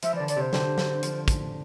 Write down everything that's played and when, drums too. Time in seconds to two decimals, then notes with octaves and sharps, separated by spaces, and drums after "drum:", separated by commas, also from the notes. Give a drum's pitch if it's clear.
0.03 F3 E5, drum: hi-hat
0.13 E3 D5
0.20 D3
0.28 D5, drum: hi-hat
0.36 C3 C5
0.53 D3, drum: snare
0.78 drum: snare
1.03 F3, drum: hi-hat
1.28 drum: kick, hi-hat